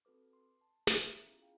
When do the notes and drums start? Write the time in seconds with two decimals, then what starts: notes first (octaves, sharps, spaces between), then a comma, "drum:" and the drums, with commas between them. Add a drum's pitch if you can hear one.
0.05 C4 F#4 A4 B4 D6
0.33 C6
0.61 A5
0.87 E5, drum: snare
1.21 B3 C#4 E4 F4 G#4 A#5
1.42 F4 G#4 F5 G5